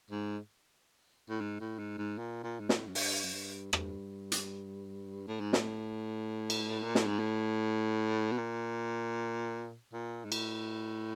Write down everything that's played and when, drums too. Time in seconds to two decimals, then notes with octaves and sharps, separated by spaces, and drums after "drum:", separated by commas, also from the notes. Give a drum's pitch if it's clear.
0.10 G#2
1.29 A2
1.41 G#2
1.60 A2
1.78 G#2
1.98 G#2
2.18 A#2
2.44 A#2
2.60 G#2
2.69 A2, drum: snare
2.88 F#2
2.95 G2, drum: open hi-hat
3.24 F#2
3.33 G2
3.73 G2, drum: rim click
4.32 drum: hi-hat
5.27 A2
5.40 G#2
5.53 A2, drum: snare
6.50 drum: cymbal
6.83 A#2
6.95 A2, drum: snare
7.07 G#2
7.19 A2
8.32 B2
8.38 A#2
9.93 A#2
10.25 G#2
10.32 A2, drum: cymbal